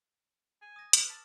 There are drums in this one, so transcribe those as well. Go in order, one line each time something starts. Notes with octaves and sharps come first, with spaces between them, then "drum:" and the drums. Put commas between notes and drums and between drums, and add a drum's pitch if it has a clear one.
G#5
D#6 A#6
B4 D6 F6, drum: hi-hat
A5